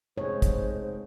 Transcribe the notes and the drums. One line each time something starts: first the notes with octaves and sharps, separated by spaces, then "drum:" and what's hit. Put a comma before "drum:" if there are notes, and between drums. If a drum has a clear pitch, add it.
F1 G#2 G#3 C5 C#5
drum: kick, hi-hat